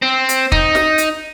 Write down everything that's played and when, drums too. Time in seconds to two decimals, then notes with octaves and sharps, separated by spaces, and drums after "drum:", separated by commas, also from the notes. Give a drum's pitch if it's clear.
0.02 C4
0.29 drum: hi-hat
0.52 D#4, drum: kick
0.75 drum: snare
0.98 drum: hi-hat